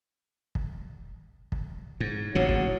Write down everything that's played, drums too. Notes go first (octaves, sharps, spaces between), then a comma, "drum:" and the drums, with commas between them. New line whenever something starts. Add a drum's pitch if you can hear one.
drum: kick
drum: kick
G#2
A1 A#2 C#3 F#3
drum: kick